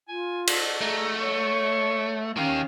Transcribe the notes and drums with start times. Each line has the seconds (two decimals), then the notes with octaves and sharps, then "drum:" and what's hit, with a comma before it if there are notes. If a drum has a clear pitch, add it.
0.08 F4 G#5
0.47 A4, drum: cymbal
0.81 A3 G#4 A#5
1.20 C#5 C#6
2.37 D#3 C#4 G4 F5